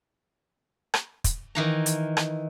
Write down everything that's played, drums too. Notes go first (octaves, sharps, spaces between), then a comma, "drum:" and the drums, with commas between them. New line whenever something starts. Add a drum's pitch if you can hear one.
drum: rim click
drum: kick, hi-hat
D#3 E3 A#5
drum: hi-hat
drum: rim click